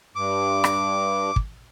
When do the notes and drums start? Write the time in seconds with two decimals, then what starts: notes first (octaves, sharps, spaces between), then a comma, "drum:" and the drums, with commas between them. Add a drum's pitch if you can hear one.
0.15 G2 D6
0.64 drum: rim click
1.36 drum: kick